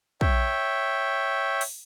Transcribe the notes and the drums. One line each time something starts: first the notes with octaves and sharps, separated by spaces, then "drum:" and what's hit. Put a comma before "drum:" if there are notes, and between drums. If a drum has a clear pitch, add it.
C#5 E5 G5, drum: kick
drum: open hi-hat